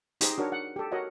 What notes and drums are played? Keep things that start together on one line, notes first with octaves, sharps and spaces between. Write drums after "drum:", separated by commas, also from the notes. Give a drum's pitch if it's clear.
D#4 G4 G#4 C5, drum: hi-hat
D4 F#4 A#4 C#5
F#5
G4 A4
F#4 A#4 C#5 D#5 F#5